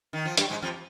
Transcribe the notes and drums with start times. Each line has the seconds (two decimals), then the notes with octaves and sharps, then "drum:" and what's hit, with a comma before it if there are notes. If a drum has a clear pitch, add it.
0.13 D#3
0.25 F3
0.37 G2 G3, drum: hi-hat
0.50 G#2 G#3
0.62 F2 F3